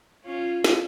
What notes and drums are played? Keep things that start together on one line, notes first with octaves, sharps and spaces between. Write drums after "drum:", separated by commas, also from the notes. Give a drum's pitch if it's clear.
C#4 F4
drum: snare